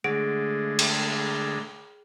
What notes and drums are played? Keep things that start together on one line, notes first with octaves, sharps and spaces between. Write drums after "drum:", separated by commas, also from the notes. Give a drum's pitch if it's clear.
D3 G#3 A3 G#4 F#5 D7
drum: cymbal